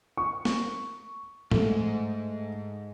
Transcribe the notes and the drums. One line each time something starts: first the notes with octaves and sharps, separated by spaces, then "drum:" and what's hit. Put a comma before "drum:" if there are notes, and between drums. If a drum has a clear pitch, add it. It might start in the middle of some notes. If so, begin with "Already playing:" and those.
C#6
drum: snare A#3
G#2 A3, drum: tom A2